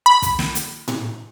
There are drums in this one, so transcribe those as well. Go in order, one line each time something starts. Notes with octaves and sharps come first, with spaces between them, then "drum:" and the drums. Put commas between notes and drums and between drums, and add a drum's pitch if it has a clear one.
B5
drum: kick, hi-hat
drum: snare
drum: hi-hat
drum: tom A2